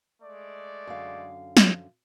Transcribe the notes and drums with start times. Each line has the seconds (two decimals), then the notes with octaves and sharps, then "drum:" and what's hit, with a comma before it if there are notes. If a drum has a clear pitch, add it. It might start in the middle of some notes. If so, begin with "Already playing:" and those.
0.22 G#3 A3 D5
0.87 F#2 D3 F5
1.57 drum: snare